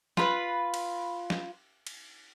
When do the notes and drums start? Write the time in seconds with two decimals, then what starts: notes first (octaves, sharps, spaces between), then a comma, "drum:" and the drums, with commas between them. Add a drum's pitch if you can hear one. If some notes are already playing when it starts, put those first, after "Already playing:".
0.17 F4 B4, drum: snare
0.74 drum: cymbal
1.30 drum: snare
1.87 drum: cymbal